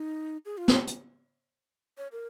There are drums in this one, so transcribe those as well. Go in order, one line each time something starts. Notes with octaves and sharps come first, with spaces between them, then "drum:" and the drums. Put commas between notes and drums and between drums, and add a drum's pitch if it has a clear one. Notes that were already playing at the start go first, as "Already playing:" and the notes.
Already playing: D#4
G#4
F4
drum: snare
drum: hi-hat
C#5
A#4